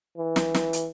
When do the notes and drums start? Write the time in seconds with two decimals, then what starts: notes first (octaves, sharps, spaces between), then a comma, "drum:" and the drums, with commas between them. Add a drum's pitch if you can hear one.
0.17 E3
0.36 drum: snare
0.54 drum: snare
0.73 drum: hi-hat